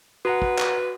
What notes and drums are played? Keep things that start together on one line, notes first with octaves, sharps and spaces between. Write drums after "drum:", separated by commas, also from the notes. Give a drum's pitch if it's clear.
F#4 B4 F#5 A#5 D#6
drum: kick
drum: clap